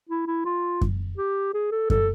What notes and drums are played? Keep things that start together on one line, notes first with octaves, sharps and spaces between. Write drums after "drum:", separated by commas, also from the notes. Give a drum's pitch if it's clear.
E4
E4
F4
drum: kick F#2
G4
G#4
A4
A4, drum: kick F#2